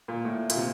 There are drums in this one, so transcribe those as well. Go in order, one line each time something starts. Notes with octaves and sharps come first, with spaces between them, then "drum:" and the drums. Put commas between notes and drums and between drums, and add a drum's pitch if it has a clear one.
A#2
A2
A#2, drum: hi-hat
C3